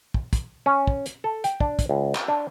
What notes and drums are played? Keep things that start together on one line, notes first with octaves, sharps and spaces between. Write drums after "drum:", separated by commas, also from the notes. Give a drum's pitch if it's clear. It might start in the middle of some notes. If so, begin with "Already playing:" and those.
drum: kick
drum: kick, hi-hat
C#4
drum: kick
drum: hi-hat
A4
G5, drum: hi-hat
D4, drum: kick
drum: kick, hi-hat
C#2
drum: clap
D4